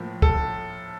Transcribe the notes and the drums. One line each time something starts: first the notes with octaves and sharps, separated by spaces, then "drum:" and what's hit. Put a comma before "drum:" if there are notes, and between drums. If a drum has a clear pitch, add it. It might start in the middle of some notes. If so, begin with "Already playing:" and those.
Already playing: A2 F3 A#3
A4, drum: kick